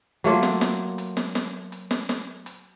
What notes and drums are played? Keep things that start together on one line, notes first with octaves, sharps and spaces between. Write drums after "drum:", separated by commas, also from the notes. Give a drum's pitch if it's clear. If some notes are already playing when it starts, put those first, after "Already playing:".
F#3 A3 A#3 F4, drum: hi-hat
drum: snare
drum: snare
drum: hi-hat
drum: snare
drum: snare
drum: hi-hat
drum: snare
drum: snare
drum: hi-hat